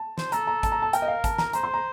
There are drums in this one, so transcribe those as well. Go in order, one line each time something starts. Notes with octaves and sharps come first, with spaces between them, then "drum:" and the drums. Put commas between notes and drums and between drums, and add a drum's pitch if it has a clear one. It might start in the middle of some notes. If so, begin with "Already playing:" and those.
Already playing: A5
C5, drum: snare
A4 A#5, drum: hi-hat
A#5
A5, drum: kick G#1, hi-hat
A#5
A5
A#4 G5, drum: hi-hat
D#5
F5
A5, drum: kick G#1, hi-hat
A#5, drum: snare
C5 A#5, drum: hi-hat
C6
A#5